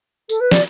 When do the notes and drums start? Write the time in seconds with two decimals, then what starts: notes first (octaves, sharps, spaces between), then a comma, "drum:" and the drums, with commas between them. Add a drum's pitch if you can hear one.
0.29 A4, drum: tambourine
0.40 B4
0.51 D5, drum: snare